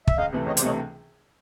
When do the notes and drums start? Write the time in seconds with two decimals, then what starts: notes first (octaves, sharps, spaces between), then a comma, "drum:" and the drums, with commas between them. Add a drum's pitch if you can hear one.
0.07 E5, drum: kick
0.17 C#2 D#5 F5
0.33 C3 E3 A3
0.46 C#2 C#5 D#5
0.57 C5 D5, drum: hi-hat
0.62 C3 E3 A3 C#5 D#5